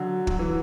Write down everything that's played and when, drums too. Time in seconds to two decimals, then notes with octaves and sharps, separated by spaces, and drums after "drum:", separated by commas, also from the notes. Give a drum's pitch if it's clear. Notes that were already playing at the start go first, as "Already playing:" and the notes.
Already playing: D3 F#3
0.27 F#3, drum: kick
0.39 E3